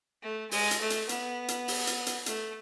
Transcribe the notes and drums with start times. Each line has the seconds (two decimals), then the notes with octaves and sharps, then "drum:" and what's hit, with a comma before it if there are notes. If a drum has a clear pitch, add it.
0.22 A3
0.51 G#3, drum: open hi-hat
0.71 drum: hi-hat
0.81 A3
0.90 drum: hi-hat
1.09 B3, drum: hi-hat
1.48 drum: hi-hat
1.68 drum: open hi-hat
1.87 drum: hi-hat
2.07 drum: hi-hat
2.26 A3, drum: hi-hat